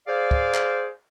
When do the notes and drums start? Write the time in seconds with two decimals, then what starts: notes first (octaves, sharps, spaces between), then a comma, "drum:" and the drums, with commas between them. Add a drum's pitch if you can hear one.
0.08 G#4 C5 D5 F5
0.31 drum: kick
0.55 drum: clap